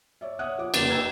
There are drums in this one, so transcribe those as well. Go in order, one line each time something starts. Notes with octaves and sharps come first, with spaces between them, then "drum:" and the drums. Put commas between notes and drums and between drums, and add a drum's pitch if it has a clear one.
C#5 D5 E5
C#5 E5 F#5 D#6 F#6
F3 D6
F1 C#3 A#3 B4 A6, drum: cymbal
D5 D#5 G5 A#5 E6 G#6